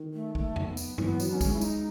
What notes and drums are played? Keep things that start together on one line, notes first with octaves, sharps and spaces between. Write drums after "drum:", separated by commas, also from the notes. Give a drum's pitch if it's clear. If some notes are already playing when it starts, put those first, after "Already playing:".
Already playing: D#3
A3
A3, drum: kick
drum: tom E2
B3
drum: tambourine
E3 B3, drum: tom G2
F#3, drum: tambourine
D#4
C#4
G#3, drum: kick, tambourine
E4
D#4, drum: tambourine